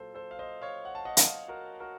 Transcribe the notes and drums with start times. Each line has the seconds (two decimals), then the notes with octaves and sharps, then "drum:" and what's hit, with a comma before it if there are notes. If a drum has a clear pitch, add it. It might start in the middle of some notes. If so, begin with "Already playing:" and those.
Already playing: A#2 F#3 A4 C5
0.14 A4 C5
0.31 F5
0.39 C5 D#5
0.62 C#5 F5
0.85 F#5
0.95 A5
1.05 D#5 F#5
1.17 F5 A5, drum: hi-hat
1.48 F#4 A#4
1.80 F#4 A#4